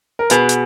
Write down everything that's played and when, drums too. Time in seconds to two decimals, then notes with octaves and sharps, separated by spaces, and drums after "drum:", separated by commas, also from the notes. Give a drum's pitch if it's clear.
0.19 A#4
0.30 B2 G#4 B4, drum: hi-hat
0.49 drum: hi-hat